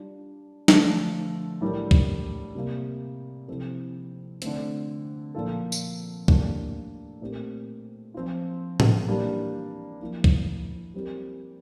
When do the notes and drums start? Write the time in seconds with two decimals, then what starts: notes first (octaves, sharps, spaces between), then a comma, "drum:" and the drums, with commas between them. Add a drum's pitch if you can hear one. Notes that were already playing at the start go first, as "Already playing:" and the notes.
Already playing: G3 D4 F4
0.68 D3 F3 A3, drum: snare
1.61 A2 G3 D4 G4 A#4
1.91 drum: kick
2.55 C3 G3 A#3
3.48 C3 F3 C4 E4 A4
4.42 D3 A3 C4, drum: hi-hat
5.35 A#2 F3 A#3 F4 A4
5.72 drum: tambourine
6.28 A2 G3 A#3 D4 A4, drum: kick
7.21 A#2 A3 C4 G4 A#4
8.14 F3 C4 F4
8.80 drum: tom A2
9.08 E3 G3 A#3 D4 G4
10.01 F3 A#3 E4
10.24 drum: kick
10.94 G3 C4 G4 A#4